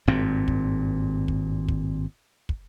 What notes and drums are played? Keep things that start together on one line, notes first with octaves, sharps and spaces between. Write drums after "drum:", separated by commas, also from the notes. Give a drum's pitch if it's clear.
G#1 G2 A#2 C4
drum: kick
drum: kick
drum: kick
drum: kick